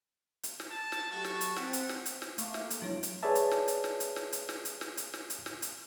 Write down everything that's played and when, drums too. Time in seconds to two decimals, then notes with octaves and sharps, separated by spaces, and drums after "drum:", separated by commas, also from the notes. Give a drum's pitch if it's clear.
0.43 drum: hi-hat
0.60 drum: snare
0.70 A5
0.92 drum: snare
1.11 F#3 A3 F#4 G4 A5 C#6
1.24 drum: snare
1.41 drum: hi-hat
1.56 A3 C4 F#5 G5, drum: snare
1.73 drum: hi-hat
1.89 drum: snare
2.06 drum: hi-hat
2.22 drum: snare
2.38 A3 A#3, drum: hi-hat
2.54 drum: snare
2.70 drum: hi-hat
2.82 G2 F#3 G#3 D4 E4 C#5
3.03 drum: hi-hat
3.23 G#4 B4 C#5 D5 E5 A5
3.35 drum: hi-hat
3.51 drum: snare
3.68 drum: hi-hat
3.84 drum: snare
4.00 drum: hi-hat
4.16 drum: snare
4.32 drum: hi-hat
4.49 drum: snare
4.65 drum: hi-hat
4.81 drum: snare
4.97 drum: hi-hat
5.14 drum: snare
5.30 drum: hi-hat
5.46 drum: snare
5.62 drum: hi-hat